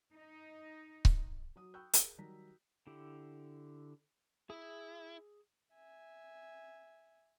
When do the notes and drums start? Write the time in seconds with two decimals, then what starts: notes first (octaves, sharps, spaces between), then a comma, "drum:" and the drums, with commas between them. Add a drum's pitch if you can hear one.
0.15 D#4
1.05 drum: kick C#1
1.56 F#3 D#6
1.74 G5 B5 C#6 E6 F#6 G6
1.93 G#4 A#4, drum: hi-hat
2.18 D#3 F#3 G3 A#5 B6
2.87 D3 E4 G4
4.50 E4 G#4 E6
5.73 E5 G#5